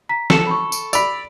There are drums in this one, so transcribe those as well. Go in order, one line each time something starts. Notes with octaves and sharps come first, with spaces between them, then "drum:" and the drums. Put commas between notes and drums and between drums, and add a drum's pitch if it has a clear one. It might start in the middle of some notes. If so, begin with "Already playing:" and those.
A#5 B6
A4 C#7 E7, drum: snare
B5 C#6
drum: tambourine
D5 B5 E6 F7, drum: tambourine